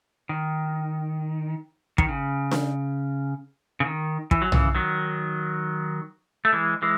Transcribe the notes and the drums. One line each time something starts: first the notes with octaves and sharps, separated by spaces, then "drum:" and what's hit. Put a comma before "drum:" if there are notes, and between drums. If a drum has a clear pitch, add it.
D#3
D#3, drum: kick
C#3
drum: snare D4
C#3
D#3
E3, drum: kick
F#3
C#3 E3, drum: tom
D#3 F#3
A3
E3 G#3
E3 G#3